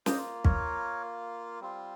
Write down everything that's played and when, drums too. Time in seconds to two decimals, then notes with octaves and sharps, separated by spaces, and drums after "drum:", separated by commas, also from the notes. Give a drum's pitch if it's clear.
0.06 A#3 F4 C5 D#5, drum: snare
0.45 A#4 C#5, drum: kick
1.61 G3 C4 F4